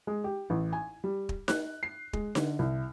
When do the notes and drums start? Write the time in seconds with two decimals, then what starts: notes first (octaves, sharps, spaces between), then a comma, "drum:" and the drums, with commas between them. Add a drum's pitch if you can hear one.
0.07 G#3
0.24 G4
0.50 A1
0.73 G#5
1.04 G3
1.29 drum: kick
1.48 F#6, drum: snare D#4
1.83 C7
2.13 G#3, drum: kick
2.35 D3, drum: snare D#4
2.59 C2